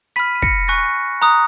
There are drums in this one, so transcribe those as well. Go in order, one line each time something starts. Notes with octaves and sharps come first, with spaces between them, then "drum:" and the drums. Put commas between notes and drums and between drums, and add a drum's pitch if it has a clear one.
B5 F6 B6 D#7
D#7
A#6 C#7, drum: kick
G#5 C#6 F#6 A#6
A#5 D#6 F#6